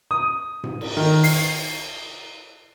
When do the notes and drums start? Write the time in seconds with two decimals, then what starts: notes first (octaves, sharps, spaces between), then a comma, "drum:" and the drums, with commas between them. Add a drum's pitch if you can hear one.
0.11 D#6
0.64 drum: tom G#2
0.81 drum: cymbal
0.97 D#3
1.24 C7, drum: open hi-hat